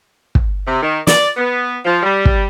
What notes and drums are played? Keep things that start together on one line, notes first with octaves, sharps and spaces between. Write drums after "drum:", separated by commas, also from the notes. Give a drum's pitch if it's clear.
drum: kick
C3
D#3
D5, drum: snare
B3
F3
G3
drum: kick